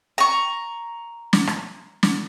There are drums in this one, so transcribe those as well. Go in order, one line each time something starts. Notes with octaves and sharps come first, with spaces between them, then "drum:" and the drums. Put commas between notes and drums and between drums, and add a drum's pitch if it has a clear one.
A#5 C#6
drum: snare
drum: rim click
drum: snare